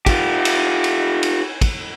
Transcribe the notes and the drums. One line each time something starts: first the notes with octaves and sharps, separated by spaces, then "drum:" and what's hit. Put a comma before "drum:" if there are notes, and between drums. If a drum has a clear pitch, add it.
F4 G4, drum: kick, cymbal
drum: cymbal
drum: cymbal
drum: cymbal
drum: kick, cymbal